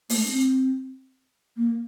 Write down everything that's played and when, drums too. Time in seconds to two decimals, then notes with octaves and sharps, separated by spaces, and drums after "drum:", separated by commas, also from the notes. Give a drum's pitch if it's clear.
0.10 A#3, drum: open hi-hat
0.16 A3
0.26 D4
0.30 C4
1.57 A#3